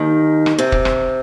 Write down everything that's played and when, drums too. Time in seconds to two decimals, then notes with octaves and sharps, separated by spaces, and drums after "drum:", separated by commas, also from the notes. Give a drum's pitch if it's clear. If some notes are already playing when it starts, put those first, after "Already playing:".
Already playing: D#2 D#3
0.46 drum: rim click
0.59 C3
0.72 drum: kick
0.85 drum: rim click